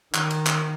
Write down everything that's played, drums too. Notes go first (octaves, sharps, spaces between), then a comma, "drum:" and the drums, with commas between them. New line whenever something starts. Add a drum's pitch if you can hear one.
D#3, drum: clap
drum: cymbal
drum: clap